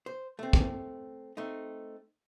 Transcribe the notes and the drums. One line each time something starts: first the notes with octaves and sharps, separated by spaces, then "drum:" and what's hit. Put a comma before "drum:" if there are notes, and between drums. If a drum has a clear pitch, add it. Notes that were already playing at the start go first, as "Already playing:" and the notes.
C5
A3 C4
drum: kick
A3 C4 D#4